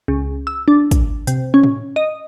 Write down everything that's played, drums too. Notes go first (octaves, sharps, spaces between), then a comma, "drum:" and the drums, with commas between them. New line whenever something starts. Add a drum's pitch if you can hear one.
C#2
E6
D4
drum: kick, hi-hat
C3, drum: hi-hat
C#4
drum: tom
D#5